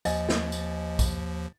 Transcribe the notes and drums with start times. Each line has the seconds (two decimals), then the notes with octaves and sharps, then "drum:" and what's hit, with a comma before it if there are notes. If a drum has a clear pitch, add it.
0.05 D#2 F3 D#5 G#5 A6, drum: tambourine
0.29 drum: snare
0.52 drum: tambourine
0.99 drum: kick A#1, tambourine